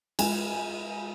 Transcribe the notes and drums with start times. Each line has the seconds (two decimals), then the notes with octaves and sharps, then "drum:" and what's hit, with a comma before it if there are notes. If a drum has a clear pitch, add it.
0.19 G#3 G#5, drum: cymbal